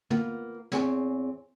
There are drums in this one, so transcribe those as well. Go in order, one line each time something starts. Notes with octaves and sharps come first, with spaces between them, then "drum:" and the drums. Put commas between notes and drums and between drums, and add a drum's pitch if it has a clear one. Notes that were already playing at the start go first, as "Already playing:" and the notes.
A#3 B3 F4, drum: tom
E2 C4 G#4 C#5 G#5, drum: snare